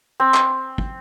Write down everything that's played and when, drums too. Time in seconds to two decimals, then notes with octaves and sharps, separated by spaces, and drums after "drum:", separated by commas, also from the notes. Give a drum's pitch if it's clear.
0.20 C4
0.34 drum: clap
0.78 drum: kick